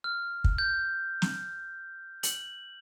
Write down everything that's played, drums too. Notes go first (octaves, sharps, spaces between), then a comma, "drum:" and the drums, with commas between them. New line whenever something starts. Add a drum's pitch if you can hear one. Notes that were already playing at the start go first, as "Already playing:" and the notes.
F6
drum: kick
G6
drum: snare
F#7, drum: hi-hat